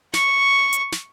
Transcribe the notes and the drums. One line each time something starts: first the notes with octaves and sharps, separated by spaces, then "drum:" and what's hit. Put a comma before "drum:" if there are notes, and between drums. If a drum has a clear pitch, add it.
C#6, drum: snare
drum: hi-hat
drum: snare